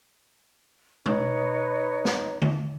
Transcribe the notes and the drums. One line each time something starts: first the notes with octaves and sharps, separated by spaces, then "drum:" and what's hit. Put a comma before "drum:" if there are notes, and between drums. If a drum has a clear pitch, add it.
D#4 B4 C#5, drum: tom B2
drum: snare
drum: tom D3